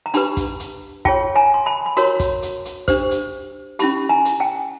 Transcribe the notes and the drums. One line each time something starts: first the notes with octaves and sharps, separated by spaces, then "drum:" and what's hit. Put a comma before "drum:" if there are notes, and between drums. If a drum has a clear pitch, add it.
A#5
D4 G4 B4 A5 B5, drum: hi-hat
drum: kick, hi-hat
drum: hi-hat
F4 G#4 C#5 G5 A5, drum: kick
G#5 A#5
C6
A5 B5
B5
F#4 A#4 C#5 A#5 C6, drum: hi-hat
drum: kick, hi-hat
drum: hi-hat
drum: hi-hat
D4 G4 C5, drum: kick, hi-hat
drum: hi-hat
C#4 E4 G4 A5 B5, drum: hi-hat
G#5 A#5
drum: hi-hat
G5 A5